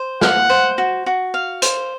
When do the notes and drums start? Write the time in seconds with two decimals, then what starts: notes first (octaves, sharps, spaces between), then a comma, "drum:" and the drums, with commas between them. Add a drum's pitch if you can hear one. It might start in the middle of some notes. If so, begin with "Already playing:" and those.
Already playing: C5
0.21 F5 F#5, drum: snare
0.50 C5
0.78 F#4
1.06 F#4
1.34 F5
1.62 C5, drum: hi-hat